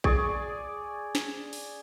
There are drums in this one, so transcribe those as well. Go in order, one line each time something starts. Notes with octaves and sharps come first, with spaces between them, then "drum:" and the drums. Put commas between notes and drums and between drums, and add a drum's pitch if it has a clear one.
G#4 D5 C#6, drum: kick A#1
drum: snare
drum: open hi-hat